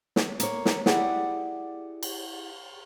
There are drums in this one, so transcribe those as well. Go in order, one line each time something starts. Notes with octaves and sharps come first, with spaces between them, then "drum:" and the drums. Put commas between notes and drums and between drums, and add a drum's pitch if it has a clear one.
drum: snare
A#3 C#5, drum: hi-hat
drum: snare
E4 G4 G#4 D5 F#5, drum: snare
drum: cymbal